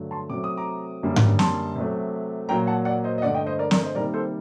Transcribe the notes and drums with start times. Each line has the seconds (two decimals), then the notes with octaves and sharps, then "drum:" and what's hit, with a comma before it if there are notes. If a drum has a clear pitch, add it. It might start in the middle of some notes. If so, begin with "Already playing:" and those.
Already playing: G2 D3 F#3 A3
0.11 A5 C6
0.30 C3 F#3 A3 D6
0.44 D#6
0.57 A#5 D6
1.03 F#2 D3 G3 A#3
1.16 drum: tom G#2
1.39 A5 C6, drum: snare
1.76 C3 F#3 A3
2.49 A#2 F#3 A#3 G5 A#5
2.67 F#5 A5
2.85 D5 F#5
3.04 C5 D#5
3.18 D#5
3.22 G2 D3 A3 D5 F#5
3.35 D#5 G5
3.47 C5 D#5
3.59 A#4 D5
3.71 A#4 D5, drum: snare
3.84 C5 D#5
3.95 C3 D#3 G3 A#3 A#4 D5
4.14 A4 C5